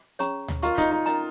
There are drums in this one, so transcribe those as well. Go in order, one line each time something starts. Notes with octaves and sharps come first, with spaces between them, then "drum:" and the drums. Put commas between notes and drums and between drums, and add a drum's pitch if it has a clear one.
C#4 G#4 C#5 A#5 C#6, drum: hi-hat
drum: tom D2
F4 A#4 D#5 A#5 C#6, drum: hi-hat
D#4, drum: kick, hi-hat
D#4
C#4 A#4 D#5 A#5, drum: hi-hat